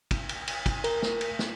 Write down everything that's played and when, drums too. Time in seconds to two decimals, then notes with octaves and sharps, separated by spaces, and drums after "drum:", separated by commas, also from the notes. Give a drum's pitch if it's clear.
0.11 drum: kick, cymbal
0.29 drum: cymbal
0.47 drum: cymbal
0.66 drum: kick, cymbal
0.84 A#4, drum: cymbal
1.02 drum: snare
1.21 drum: cymbal
1.39 drum: snare